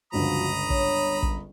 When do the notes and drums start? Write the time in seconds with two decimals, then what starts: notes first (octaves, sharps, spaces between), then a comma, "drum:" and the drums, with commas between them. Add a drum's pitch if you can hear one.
0.13 G1 C#2 F3 F#4 A#5 B5 D#6
0.70 C#5, drum: kick
1.23 drum: kick